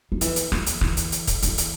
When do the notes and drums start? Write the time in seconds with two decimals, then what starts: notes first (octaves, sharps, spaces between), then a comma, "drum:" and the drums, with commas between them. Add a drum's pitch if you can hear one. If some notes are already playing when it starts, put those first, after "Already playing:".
0.12 F3
0.21 E3, drum: hi-hat
0.36 drum: hi-hat
0.52 F3, drum: rim click
0.67 drum: hi-hat
0.81 E3, drum: rim click
0.97 drum: hi-hat
1.12 drum: hi-hat
1.27 drum: kick, hi-hat
1.43 E3, drum: hi-hat
1.58 drum: hi-hat